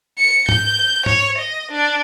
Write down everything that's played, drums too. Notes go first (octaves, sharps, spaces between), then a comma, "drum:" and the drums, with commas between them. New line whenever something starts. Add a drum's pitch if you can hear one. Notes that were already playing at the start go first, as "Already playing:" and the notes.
C#7
G6, drum: tom G#2
C#5, drum: tom G#2
D#5
D4